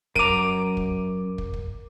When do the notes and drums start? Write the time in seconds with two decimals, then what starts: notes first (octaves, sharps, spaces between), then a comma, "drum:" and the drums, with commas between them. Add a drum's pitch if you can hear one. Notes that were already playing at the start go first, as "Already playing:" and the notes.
0.16 F#2 A#4 A#5 D6 D7 D#7, drum: kick
0.77 drum: kick
1.38 drum: kick
1.54 drum: kick